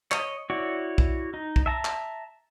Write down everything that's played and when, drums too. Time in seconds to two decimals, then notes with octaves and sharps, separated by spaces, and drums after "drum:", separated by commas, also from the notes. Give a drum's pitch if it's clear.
0.11 C#5 D#5, drum: clap
0.50 E4 F#4 C#5 D5
0.98 drum: kick B1
1.34 D#4
1.56 drum: kick B1
1.66 E5 A5 A#5
1.85 drum: clap